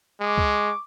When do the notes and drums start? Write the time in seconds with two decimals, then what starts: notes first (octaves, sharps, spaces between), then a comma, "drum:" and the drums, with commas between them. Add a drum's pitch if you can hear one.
0.21 G#3 C#6 D6
0.38 drum: kick C#2